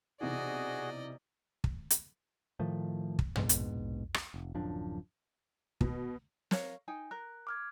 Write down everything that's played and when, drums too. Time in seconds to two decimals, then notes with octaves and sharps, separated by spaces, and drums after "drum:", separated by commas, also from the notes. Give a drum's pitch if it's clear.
0.21 B1 C3 E3 F#4 G#4 D5 D#5
1.64 drum: kick
1.90 drum: hi-hat
2.59 A2 D#3 F3 A3
3.19 drum: kick
3.36 A#1 G#2 B2, drum: tom
3.49 drum: hi-hat
4.14 drum: rim click
4.34 F1
4.54 D1 F#2 F3 D4
5.81 B2, drum: kick
6.51 A#4 C#5 F5, drum: snare
6.88 D#4 G5 G#5
7.11 A#4 F#6
7.47 D6 F6 G#6